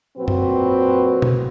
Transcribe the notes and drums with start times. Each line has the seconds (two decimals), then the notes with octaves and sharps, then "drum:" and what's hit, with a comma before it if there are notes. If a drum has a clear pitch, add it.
0.17 A#2 F#3 C4 F#4 B4
0.28 drum: tom F#2
1.22 drum: tom B2